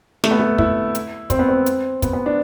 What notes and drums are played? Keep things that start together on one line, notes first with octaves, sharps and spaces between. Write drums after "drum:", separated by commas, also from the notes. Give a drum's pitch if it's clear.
A3, drum: snare
B3
A3
E4, drum: kick
drum: hi-hat
C4, drum: kick, hi-hat
B3
C4
drum: hi-hat
B3, drum: kick, hi-hat
B3
D4